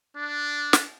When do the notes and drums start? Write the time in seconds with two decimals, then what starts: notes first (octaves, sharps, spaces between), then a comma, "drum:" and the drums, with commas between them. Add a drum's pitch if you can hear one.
0.15 D4
0.73 drum: snare